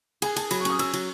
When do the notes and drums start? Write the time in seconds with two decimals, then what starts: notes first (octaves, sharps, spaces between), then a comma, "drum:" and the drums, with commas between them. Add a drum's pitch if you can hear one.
0.22 G#4 G#5, drum: cymbal
0.36 G#4 A5, drum: cymbal
0.51 F#3 B5, drum: cymbal
0.60 C#6
0.65 C#4 D#6, drum: cymbal
0.79 F#3 E6, drum: cymbal
0.93 F#3, drum: cymbal